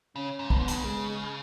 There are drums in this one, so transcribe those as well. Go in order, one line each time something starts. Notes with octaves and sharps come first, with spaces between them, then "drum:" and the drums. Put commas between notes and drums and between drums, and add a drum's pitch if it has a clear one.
C#3 C#4
G#2
B2 B3, drum: kick
G#2
B2, drum: hi-hat
C#3
G#3